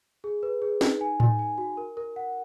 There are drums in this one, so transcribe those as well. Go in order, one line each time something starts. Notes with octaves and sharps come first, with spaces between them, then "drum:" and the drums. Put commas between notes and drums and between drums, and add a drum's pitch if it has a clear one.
G#4
B4
G#4
D#4, drum: snare
G#5
G#5, drum: tom A2
G#5
F#4
A#4
A#4
F#5